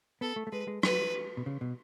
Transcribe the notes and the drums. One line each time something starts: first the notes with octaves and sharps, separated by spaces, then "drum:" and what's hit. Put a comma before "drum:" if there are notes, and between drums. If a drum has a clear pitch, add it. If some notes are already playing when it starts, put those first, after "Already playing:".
B3 A4
A3
A3
G#3 B4
G#3
F#3 B4, drum: rim click
B2
C#3
B2